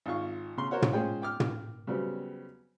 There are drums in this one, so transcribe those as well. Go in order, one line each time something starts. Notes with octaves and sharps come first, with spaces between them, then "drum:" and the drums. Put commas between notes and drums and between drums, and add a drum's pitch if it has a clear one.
G#1 F4 F5 C#6
C#3 C6
F#4 A#4 C5 C#5 F#5
drum: tom
G#3 C#4 F4 G#4 C5 G5
G5 D6 F6
drum: tom
C#3 F#3 G3 B3 C4